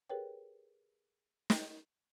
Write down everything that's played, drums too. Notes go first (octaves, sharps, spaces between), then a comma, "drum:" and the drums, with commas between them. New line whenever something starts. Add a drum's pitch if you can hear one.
G4 G#4 A#4 B4 C#5 G5
drum: snare